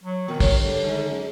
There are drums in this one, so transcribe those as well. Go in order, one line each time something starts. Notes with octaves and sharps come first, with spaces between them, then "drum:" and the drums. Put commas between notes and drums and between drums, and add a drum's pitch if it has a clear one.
F#3
B2 D#3 C4
G2 C#5, drum: kick, open hi-hat
G2 D3
G#2 D#3 G#3
F#2